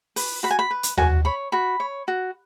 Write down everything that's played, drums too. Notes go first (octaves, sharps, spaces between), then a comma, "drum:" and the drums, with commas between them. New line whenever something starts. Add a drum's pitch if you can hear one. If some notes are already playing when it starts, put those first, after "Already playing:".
B4, drum: open hi-hat
F#4 B5
G#5
B5
B4
drum: hi-hat
F#4 G#5, drum: tom D#2
C#5 B5
F#4 B5
C#5
F#4